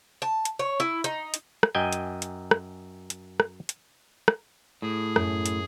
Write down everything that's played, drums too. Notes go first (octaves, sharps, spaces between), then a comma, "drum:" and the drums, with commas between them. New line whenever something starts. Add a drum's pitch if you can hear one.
A5
drum: hi-hat
C#5
E4
D#4, drum: hi-hat
drum: hi-hat
drum: rim click
F#2 D#5 G5 G#5
drum: hi-hat
drum: hi-hat
drum: rim click
drum: hi-hat
drum: rim click
drum: hi-hat
drum: rim click
A2 G#4
F#2, drum: rim click
drum: hi-hat